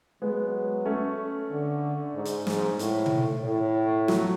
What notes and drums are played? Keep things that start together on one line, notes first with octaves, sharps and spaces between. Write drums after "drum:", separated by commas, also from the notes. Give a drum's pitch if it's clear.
F#3 G#3 B3
A3 C#4
D3
G#2
drum: hi-hat
G#2, drum: snare
A2, drum: hi-hat
drum: tom B2
A2
F#3 A3, drum: snare